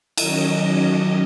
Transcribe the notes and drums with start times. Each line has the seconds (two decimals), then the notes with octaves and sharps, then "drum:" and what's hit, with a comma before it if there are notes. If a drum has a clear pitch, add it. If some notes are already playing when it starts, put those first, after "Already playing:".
0.17 D#3 F#3 C#4 D#5, drum: cymbal